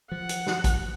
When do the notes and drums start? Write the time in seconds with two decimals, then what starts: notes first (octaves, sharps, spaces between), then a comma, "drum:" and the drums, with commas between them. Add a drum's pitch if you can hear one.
0.12 F3 F#5
0.29 drum: hi-hat
0.47 drum: snare
0.64 drum: kick, hi-hat